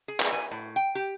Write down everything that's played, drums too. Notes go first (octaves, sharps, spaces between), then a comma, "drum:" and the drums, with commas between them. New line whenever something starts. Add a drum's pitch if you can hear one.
G#4
drum: clap
G#5
A2
G5
G4